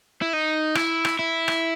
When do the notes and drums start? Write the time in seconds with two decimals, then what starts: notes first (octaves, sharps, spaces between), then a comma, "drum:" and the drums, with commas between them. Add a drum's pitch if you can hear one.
0.22 E4
0.33 D#4
0.75 E4, drum: rim click
1.05 drum: rim click
1.19 E4
1.48 drum: rim click